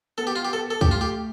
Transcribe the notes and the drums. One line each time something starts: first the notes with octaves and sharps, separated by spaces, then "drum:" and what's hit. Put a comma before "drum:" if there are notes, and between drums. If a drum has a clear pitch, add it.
B3 A4
G4
F4
G4
A4
A4
G4, drum: kick
A3 F4
G4